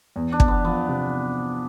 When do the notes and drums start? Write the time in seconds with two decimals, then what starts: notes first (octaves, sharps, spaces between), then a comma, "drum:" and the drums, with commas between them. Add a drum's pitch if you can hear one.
0.16 E2
0.32 D4
0.40 E2, drum: kick
0.48 B3
0.64 F3 B3
0.89 C3